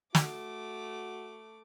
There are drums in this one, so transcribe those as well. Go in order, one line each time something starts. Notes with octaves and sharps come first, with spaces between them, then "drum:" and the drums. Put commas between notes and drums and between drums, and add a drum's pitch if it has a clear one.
A3 F#4 D6, drum: snare